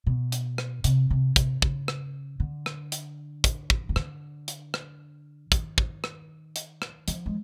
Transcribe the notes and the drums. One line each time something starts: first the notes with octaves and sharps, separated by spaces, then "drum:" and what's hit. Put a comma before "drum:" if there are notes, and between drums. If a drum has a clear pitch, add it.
B2
drum: hi-hat
drum: rim click
C3, drum: hi-hat
C3
C3, drum: kick, hi-hat
C#3, drum: kick
drum: rim click
D3
drum: rim click
drum: hi-hat
drum: kick, hi-hat
drum: kick
D#3
D3, drum: rim click
drum: hi-hat
drum: rim click
D#3, drum: kick, hi-hat
drum: kick
drum: rim click
drum: hi-hat
drum: rim click
F3, drum: hi-hat
G#3